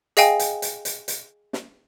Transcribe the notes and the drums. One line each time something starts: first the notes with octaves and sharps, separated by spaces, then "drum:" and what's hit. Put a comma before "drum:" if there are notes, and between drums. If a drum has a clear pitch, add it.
G#4 D#5 F5 G5 G#5, drum: hi-hat
drum: hi-hat
drum: hi-hat
drum: hi-hat
drum: hi-hat
drum: snare